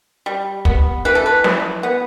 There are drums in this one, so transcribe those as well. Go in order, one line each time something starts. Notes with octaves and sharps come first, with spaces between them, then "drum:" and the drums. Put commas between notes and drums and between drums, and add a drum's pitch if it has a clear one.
G3
B3, drum: kick
E3 B4
A4
B4
E3, drum: snare
B3